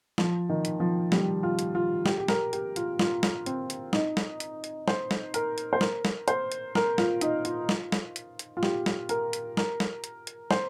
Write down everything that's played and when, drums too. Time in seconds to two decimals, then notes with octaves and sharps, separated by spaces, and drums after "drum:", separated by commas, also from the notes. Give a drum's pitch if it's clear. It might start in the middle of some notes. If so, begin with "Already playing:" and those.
0.18 F3, drum: snare
0.49 D#3
0.65 drum: hi-hat
0.80 F3
1.12 G3, drum: snare
1.43 F4
1.59 drum: hi-hat
1.75 F4
2.06 G4, drum: snare
2.18 G4
2.28 A#4, drum: snare
2.53 G4, drum: hi-hat
2.76 F4, drum: hi-hat
2.99 F4, drum: snare
3.23 drum: snare
3.46 C4, drum: hi-hat
3.70 drum: hi-hat
3.93 D#4, drum: snare
4.17 drum: snare
4.40 drum: hi-hat
4.64 drum: hi-hat
4.88 C5, drum: snare
5.11 drum: snare
5.34 A#4, drum: hi-hat
5.58 drum: hi-hat
5.73 C5
5.81 A#4, drum: snare
6.05 drum: snare
6.28 C5, drum: hi-hat
6.52 drum: hi-hat
6.75 A#4, drum: snare
6.98 F4, drum: snare
7.21 D#4, drum: hi-hat
7.45 F4, drum: hi-hat
7.69 drum: snare
7.92 drum: snare
8.16 drum: hi-hat
8.39 drum: hi-hat
8.57 F4
8.63 G4, drum: snare
8.86 drum: snare
9.09 A#4, drum: hi-hat
9.33 drum: hi-hat
9.57 A#4, drum: snare
9.80 drum: snare
10.04 drum: hi-hat
10.27 drum: hi-hat
10.51 C5, drum: snare